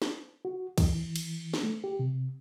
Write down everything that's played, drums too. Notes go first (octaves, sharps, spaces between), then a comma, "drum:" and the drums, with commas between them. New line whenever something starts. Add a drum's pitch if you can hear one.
drum: snare
F#4
E3, drum: kick, cymbal
drum: cymbal
drum: snare
A3
G4
C3